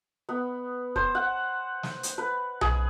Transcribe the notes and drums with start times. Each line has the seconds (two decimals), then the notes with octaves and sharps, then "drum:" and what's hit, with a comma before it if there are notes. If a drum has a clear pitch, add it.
0.29 B3
0.96 C5, drum: kick
1.15 F#5
1.83 drum: snare
2.03 drum: hi-hat
2.18 B4
2.61 G#4, drum: tom B1